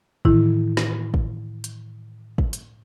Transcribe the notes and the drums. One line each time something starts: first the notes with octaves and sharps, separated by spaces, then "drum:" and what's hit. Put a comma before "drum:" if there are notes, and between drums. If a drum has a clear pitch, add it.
A2 D#3 E3 E4, drum: kick
drum: snare
drum: kick
drum: hi-hat
drum: kick
drum: hi-hat